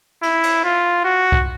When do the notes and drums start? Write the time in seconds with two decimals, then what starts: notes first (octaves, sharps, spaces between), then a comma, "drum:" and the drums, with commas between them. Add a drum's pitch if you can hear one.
0.23 E4, drum: cymbal
0.43 drum: cymbal
0.64 F4
1.05 F#4
1.32 drum: kick C2